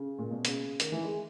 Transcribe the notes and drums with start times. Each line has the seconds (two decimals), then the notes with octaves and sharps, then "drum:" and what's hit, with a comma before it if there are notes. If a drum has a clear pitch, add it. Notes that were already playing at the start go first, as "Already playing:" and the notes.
Already playing: C#3
0.18 A#2
0.31 B2
0.45 C#3, drum: hi-hat
0.80 D#3, drum: hi-hat
0.92 E3
1.04 G#3